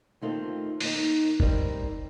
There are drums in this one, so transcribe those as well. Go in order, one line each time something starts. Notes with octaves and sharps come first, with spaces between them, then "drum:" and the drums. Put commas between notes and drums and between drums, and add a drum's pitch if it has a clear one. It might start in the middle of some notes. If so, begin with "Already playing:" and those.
D#2 D#3 A3 C4 F4
D#3 A#3 D#4, drum: open hi-hat
G3 C4 D#4 A#4 D5, drum: kick